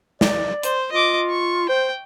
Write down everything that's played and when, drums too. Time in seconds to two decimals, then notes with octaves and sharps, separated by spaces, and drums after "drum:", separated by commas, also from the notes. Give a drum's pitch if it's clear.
0.21 D5, drum: snare
0.63 C5, drum: hi-hat
0.92 F4 D#5 D6
1.30 C#6
1.69 C5 G5